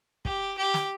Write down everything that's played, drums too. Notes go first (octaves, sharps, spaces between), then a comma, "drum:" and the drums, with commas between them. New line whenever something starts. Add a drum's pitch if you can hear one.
G4, drum: kick
G4
drum: snare